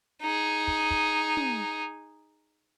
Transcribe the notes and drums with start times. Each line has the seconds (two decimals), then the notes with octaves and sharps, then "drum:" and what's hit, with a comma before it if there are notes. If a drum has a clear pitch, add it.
0.21 D#4 G#4
0.67 drum: kick
0.91 drum: kick
1.37 drum: tom